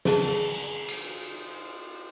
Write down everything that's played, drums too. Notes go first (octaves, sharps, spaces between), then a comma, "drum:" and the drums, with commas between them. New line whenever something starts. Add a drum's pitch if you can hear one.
G#4 A5, drum: snare
drum: cymbal
drum: tambourine
drum: cymbal